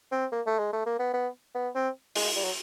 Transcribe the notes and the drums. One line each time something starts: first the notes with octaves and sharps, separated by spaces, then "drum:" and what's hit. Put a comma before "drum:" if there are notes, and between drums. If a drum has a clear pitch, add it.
C4
A#3
A3
G#3
A3
A#3
B3
B3
B3
C4
G#3, drum: open hi-hat
G3
F#3